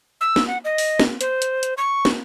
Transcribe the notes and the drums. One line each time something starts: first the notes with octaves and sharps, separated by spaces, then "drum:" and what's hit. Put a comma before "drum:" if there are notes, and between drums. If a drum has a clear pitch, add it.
E6
drum: snare
F#5
D#5
drum: open hi-hat
drum: snare
C5, drum: hi-hat
drum: hi-hat
drum: hi-hat
C#6
drum: snare